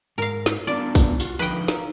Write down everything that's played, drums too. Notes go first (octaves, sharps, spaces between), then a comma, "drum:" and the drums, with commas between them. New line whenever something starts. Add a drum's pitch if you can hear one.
G#2 A#4 F5
drum: snare
B3 D4 F4 D5
drum: kick, tambourine
F4 F#4, drum: tambourine
D3 F3 D#4 B4 G5
D#4 F5, drum: snare